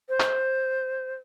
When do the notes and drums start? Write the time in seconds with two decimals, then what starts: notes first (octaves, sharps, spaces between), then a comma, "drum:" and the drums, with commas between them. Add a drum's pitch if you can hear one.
0.09 C5
0.20 drum: clap